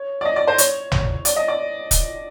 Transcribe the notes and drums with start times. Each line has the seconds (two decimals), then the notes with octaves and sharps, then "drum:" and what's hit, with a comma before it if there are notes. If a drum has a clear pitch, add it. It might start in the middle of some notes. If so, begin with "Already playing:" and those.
Already playing: C#5
0.21 D5
0.25 D#5
0.36 D5
0.47 C5
0.58 C#5, drum: hi-hat
0.92 drum: tom
1.25 D5, drum: hi-hat
1.36 D#5
1.48 D5
1.91 drum: kick, hi-hat